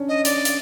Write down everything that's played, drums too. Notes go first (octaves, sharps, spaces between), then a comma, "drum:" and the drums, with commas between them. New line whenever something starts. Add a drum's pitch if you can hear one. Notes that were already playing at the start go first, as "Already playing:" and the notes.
Already playing: C#4 D4
D#5
D5, drum: hi-hat
drum: hi-hat